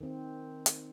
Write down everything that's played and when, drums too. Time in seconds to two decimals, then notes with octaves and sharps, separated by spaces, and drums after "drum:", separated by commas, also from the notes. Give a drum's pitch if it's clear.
0.01 D#3 C4
0.66 drum: hi-hat